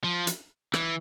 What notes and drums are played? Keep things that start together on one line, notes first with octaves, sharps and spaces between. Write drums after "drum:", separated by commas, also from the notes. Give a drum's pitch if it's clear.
F3
drum: hi-hat
E3, drum: rim click